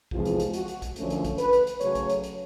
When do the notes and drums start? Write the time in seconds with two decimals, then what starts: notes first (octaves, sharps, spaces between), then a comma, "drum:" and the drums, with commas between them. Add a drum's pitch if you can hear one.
0.11 E2 C3 F3 G#3 F4, drum: kick A#1
0.25 drum: hi-hat
0.40 drum: hi-hat
0.53 F#4, drum: hi-hat
0.68 drum: hi-hat
0.82 drum: kick A#1, hi-hat
0.96 F#2 D3 F3 A3 C#4, drum: hi-hat
1.10 drum: hi-hat
1.24 drum: kick A#1, hi-hat
1.38 B4, drum: hi-hat
1.53 drum: hi-hat
1.67 drum: hi-hat
1.81 C#3 F#3 A3 C#4 C#5, drum: hi-hat
1.95 drum: kick A#1, hi-hat
2.09 drum: hi-hat
2.24 drum: hi-hat